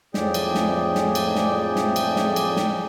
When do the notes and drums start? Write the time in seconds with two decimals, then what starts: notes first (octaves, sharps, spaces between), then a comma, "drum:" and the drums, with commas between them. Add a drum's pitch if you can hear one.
0.14 F2 A2 G#4 D5 G5, drum: snare
0.34 drum: cymbal
0.55 drum: snare
0.95 drum: snare
1.15 drum: cymbal
1.35 drum: snare
1.76 drum: snare
1.96 drum: cymbal
2.16 drum: snare
2.36 drum: cymbal
2.57 drum: snare